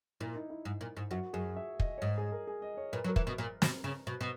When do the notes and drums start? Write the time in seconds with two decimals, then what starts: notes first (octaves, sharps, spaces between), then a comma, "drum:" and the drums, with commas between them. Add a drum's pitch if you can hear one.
0.21 A#2 E4
0.35 D#4
0.50 E4
0.65 G#2
0.81 A#2
0.97 G#2
1.11 F#2 F#4
1.33 F#2 G#4
1.56 E5
1.80 D#5, drum: kick
1.98 C#5
2.02 G#2 D#5
2.18 G#4
2.32 A#4
2.47 G#4
2.62 D#5
2.77 C#5
2.93 A#2 B4
3.04 F#3
3.09 A#4
3.16 E3, drum: kick
3.27 B2
3.38 A#2
3.62 B2, drum: snare
3.84 C#3
4.07 B2
4.21 B2